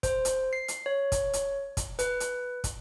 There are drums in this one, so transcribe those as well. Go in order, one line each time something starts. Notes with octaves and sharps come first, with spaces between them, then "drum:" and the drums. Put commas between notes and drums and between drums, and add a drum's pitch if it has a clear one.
C5, drum: kick, hi-hat
drum: hi-hat
C7
drum: hi-hat
C#5
drum: kick, hi-hat
drum: hi-hat
drum: kick, hi-hat
B4, drum: hi-hat
drum: hi-hat
drum: kick, hi-hat